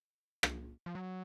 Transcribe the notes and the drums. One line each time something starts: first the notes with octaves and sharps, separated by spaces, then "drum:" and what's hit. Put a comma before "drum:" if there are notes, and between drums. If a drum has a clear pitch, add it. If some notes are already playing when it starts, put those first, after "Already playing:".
drum: rim click
F3
F#3